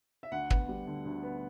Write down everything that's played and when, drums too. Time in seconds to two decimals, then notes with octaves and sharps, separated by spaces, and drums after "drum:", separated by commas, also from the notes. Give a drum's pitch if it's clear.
0.23 E5
0.31 D2 F#5
0.50 B3, drum: kick
0.68 G3
0.87 D3
1.05 D2
1.23 B3